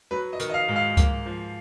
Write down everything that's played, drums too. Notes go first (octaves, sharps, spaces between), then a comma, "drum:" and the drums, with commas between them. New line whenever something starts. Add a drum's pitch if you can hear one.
F#3 B4
D#5
D#3, drum: hi-hat
D#5
F5
G#2
F5
A#3, drum: kick C#2, hi-hat
F3